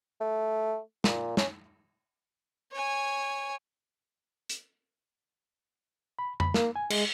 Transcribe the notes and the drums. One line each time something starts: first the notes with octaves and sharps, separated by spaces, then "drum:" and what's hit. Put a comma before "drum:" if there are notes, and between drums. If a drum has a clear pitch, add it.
A3
A#2, drum: snare
C#4, drum: snare
C#5 G#5
drum: hi-hat
B5
B5, drum: tom F2
A#3, drum: snare
G#5
G#3, drum: cymbal